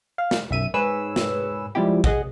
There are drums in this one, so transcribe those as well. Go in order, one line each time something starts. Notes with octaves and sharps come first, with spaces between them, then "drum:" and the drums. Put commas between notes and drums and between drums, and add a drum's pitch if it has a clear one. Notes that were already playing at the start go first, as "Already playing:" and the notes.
F5
drum: snare
B1 F#2 E5 D#7
G#2 G#4 B4 C#5 E6
drum: snare
F3 G3 G#3 E4 G4
G#4 D#5 F#5, drum: kick